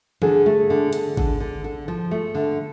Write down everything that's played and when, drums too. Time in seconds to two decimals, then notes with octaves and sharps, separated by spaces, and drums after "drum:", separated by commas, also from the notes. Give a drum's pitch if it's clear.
0.22 D3 G#4, drum: tom E3
0.46 A3
0.70 D3
0.93 D3, drum: hi-hat
1.17 D3, drum: kick G#1
1.40 D3
1.64 D3
1.88 F3
2.11 A3
2.35 D3